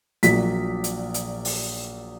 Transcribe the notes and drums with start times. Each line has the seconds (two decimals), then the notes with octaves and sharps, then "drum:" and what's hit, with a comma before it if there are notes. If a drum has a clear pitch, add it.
0.23 A#1 A#2 F#3 B6, drum: hi-hat
0.84 drum: hi-hat
1.14 drum: hi-hat
1.45 drum: open hi-hat